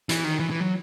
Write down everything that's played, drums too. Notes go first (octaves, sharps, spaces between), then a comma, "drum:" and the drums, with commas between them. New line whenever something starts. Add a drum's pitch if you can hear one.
E3, drum: hi-hat
D#3
E3
E3
F#3